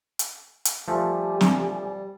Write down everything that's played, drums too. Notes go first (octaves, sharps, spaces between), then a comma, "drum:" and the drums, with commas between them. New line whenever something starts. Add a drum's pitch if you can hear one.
drum: hi-hat
drum: hi-hat
F3 G3 A3 G4 G#5
drum: snare